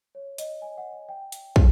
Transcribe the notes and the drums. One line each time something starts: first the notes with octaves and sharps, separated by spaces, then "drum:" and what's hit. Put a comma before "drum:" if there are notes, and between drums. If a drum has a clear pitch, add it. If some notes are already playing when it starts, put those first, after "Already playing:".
C#5
D#5, drum: hi-hat
G#5
F#5
F#5
G5
drum: hi-hat
drum: kick